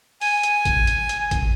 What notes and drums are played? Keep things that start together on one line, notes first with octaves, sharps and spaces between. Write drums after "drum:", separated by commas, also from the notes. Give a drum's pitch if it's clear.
G#5, drum: open hi-hat
drum: hi-hat
drum: kick G#1, hi-hat
drum: hi-hat
drum: hi-hat
drum: kick G#1, hi-hat